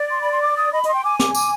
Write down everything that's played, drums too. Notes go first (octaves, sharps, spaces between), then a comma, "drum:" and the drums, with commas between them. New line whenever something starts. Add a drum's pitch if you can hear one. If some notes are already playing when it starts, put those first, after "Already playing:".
Already playing: D5
C6
B5
C6
D6
D#6
D#5 B5
D#5 C6, drum: hi-hat
G5
G#5 D6
D6, drum: snare
D6, drum: tambourine